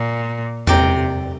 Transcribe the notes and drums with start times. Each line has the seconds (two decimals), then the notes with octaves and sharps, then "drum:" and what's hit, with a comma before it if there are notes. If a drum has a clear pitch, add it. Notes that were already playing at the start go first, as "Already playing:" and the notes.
Already playing: A#2
0.67 C3 D5 G5 A#5, drum: tom E2